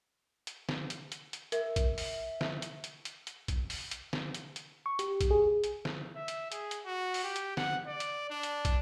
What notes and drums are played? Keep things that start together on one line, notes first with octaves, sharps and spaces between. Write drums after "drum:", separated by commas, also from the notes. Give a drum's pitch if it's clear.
drum: hi-hat
drum: snare
drum: hi-hat
drum: hi-hat
drum: hi-hat
A#4 E5, drum: hi-hat
drum: kick, hi-hat
drum: open hi-hat
drum: snare
drum: hi-hat
drum: hi-hat
drum: hi-hat
drum: hi-hat
drum: kick, hi-hat
drum: open hi-hat
drum: hi-hat
drum: snare
drum: hi-hat
drum: hi-hat
C#6
G4, drum: hi-hat
drum: kick, hi-hat
G#4
drum: hi-hat
drum: snare
E5
drum: hi-hat
G#4, drum: hi-hat
drum: hi-hat
F#4
drum: open hi-hat
G4
drum: hi-hat
F#5, drum: snare
D5
drum: hi-hat
D4
drum: hi-hat
drum: kick, hi-hat